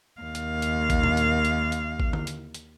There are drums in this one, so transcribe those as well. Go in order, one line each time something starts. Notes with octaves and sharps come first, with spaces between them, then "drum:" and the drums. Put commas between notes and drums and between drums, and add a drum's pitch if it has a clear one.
D#2 F5
drum: hi-hat
drum: hi-hat
drum: kick A1, hi-hat
drum: tom A#2
drum: hi-hat
drum: hi-hat
drum: hi-hat
drum: kick A1
drum: tom D3
drum: hi-hat
drum: hi-hat